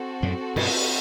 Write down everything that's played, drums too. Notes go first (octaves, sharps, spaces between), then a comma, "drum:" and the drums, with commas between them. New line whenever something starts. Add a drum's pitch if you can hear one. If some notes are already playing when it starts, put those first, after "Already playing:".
Already playing: C4 F#4 A4
F#2 A2
G2 B2, drum: cymbal